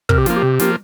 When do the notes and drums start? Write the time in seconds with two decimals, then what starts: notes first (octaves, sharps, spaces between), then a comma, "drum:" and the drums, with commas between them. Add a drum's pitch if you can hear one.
0.09 C3 A#4, drum: kick
0.18 G4
0.26 F3 A#3 F4, drum: snare
0.37 G4
0.42 C3
0.59 F3 A#3, drum: snare